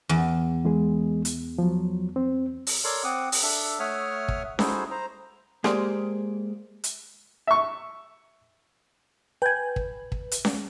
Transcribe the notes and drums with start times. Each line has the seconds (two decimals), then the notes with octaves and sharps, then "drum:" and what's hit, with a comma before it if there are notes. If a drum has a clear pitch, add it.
0.09 E2
0.64 E3 G#3 G#4
1.25 drum: hi-hat
1.58 F3 F#3
2.16 C4
2.67 drum: open hi-hat
2.84 A4 A#4 C#5 D5 C6
3.04 C4 F#5 D6 D#6
3.32 drum: open hi-hat
3.43 D4 A4 E5
3.79 A3 C#5 E5 F#5 D#6 F6
4.28 drum: kick
4.59 D#4 E4 F#4 G#4 A4 C5, drum: snare C#4
4.91 C5 A#5
5.64 G#3 A#3 G4 G#4 C5 D5, drum: rim click
6.84 drum: hi-hat
7.47 E5 C#6
9.42 B4 G5 G#5
9.76 drum: kick
10.12 drum: kick
10.31 drum: hi-hat
10.45 drum: snare C#4